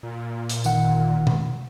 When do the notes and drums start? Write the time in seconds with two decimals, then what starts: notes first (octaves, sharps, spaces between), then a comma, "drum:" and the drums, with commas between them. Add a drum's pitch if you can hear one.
0.03 A#2
0.49 drum: hi-hat
0.64 G1 D#3 F#5, drum: tambourine
1.27 drum: tom B2